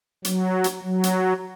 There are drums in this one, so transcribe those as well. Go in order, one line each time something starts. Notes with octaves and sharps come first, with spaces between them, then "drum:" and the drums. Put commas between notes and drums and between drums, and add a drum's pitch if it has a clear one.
F#3, drum: hi-hat
drum: hi-hat
F#3
drum: hi-hat